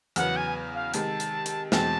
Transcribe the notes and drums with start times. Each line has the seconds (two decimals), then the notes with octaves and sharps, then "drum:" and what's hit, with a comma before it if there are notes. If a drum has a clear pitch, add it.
0.16 E2 C#3 F#3 B3 F#5, drum: hi-hat
0.36 G#5
0.75 F5
0.94 C3 D#3 G#3 A5, drum: hi-hat
1.20 drum: hi-hat
1.46 drum: hi-hat
1.72 E2 B2 G#3 C4 A5, drum: snare